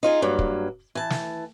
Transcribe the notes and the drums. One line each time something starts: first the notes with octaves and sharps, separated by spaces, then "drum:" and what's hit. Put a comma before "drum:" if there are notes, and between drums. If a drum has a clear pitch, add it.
D#4 F4 G#4
G2 F#3 A#3
drum: kick
E3 A5
drum: snare